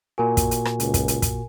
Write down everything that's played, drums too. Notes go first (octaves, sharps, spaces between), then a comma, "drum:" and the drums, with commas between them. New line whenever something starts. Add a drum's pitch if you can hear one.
A#2 F#4 A#4 G#5
drum: kick, hi-hat
drum: hi-hat
drum: rim click
C#2, drum: hi-hat
drum: kick, hi-hat
drum: hi-hat
drum: kick, hi-hat